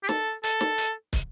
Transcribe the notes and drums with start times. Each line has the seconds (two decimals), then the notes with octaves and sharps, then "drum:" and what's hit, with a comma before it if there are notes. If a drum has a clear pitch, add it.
0.03 G4
0.09 A4, drum: snare
0.44 A4, drum: hi-hat
0.61 drum: snare
0.78 drum: hi-hat
1.13 drum: kick, hi-hat